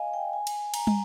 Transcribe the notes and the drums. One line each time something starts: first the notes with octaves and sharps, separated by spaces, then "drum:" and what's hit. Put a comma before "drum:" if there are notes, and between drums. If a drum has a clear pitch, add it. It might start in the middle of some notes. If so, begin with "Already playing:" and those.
Already playing: D#5 F5 G#5
G5
G#5
drum: cymbal
A#5, drum: cymbal
drum: tom